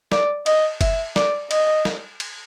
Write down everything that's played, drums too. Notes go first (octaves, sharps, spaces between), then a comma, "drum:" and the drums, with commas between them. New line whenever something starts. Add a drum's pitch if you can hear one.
D5, drum: snare
D#5, drum: cymbal
E5, drum: kick F#1, cymbal
D5, drum: snare
D#5, drum: cymbal
drum: snare
drum: cymbal